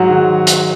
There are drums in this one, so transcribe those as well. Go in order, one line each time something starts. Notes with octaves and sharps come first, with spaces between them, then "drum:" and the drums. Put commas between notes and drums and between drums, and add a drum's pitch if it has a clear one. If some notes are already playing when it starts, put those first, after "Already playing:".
Already playing: G#2 F#3 F#4
D#3 G#3
drum: hi-hat